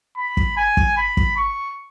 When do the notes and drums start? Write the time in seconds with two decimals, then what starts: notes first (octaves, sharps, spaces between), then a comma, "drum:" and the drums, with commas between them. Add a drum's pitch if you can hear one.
0.17 B5
0.37 drum: kick
0.57 G#5
0.77 drum: kick
0.97 B5
1.17 drum: kick
1.37 C#6